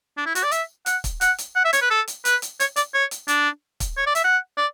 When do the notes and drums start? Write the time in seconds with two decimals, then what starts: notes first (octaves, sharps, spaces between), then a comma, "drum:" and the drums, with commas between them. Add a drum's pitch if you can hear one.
0.17 D4
0.26 E4
0.35 F#4, drum: hi-hat
0.44 D5
0.51 E5, drum: hi-hat
0.86 F#5, drum: hi-hat
1.04 drum: kick, hi-hat
1.21 F#5, drum: hi-hat
1.38 drum: hi-hat
1.56 F#5
1.65 E5
1.73 C#5, drum: hi-hat
1.81 B4
1.90 A4
2.08 drum: hi-hat
2.25 B4, drum: hi-hat
2.42 drum: hi-hat
2.60 C#5, drum: hi-hat
2.76 D5, drum: hi-hat
2.94 C#5
3.11 drum: hi-hat
3.28 D4, drum: hi-hat
3.80 drum: kick, hi-hat
3.97 C#5
4.06 D5
4.15 E5, drum: hi-hat
4.24 F#5
4.57 D5